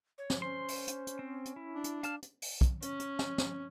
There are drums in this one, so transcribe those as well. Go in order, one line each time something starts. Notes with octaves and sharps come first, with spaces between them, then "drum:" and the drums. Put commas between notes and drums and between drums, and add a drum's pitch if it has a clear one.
C#5
drum: snare
C#4 C5 C6
drum: open hi-hat
drum: hi-hat
drum: hi-hat
C4
drum: hi-hat
E4
D4
drum: hi-hat
F5 A5 F6, drum: hi-hat
drum: hi-hat
drum: open hi-hat
drum: kick, hi-hat
C#4, drum: hi-hat
drum: hi-hat
drum: snare
drum: snare